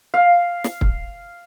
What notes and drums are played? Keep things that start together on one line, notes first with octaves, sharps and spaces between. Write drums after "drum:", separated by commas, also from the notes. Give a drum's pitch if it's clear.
F5
drum: snare
drum: kick